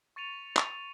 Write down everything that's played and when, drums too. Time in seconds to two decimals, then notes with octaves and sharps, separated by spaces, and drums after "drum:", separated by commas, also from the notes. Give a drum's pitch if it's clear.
0.16 C#6 A6 C#7 D#7 F7
0.56 drum: clap